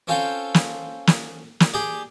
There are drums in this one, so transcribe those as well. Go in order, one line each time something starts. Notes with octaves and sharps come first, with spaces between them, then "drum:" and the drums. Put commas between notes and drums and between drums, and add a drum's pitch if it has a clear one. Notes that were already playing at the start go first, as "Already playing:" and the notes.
C4 C#4 F4 A4 F5 G5
drum: snare
drum: snare
drum: snare
G4 G#4 D5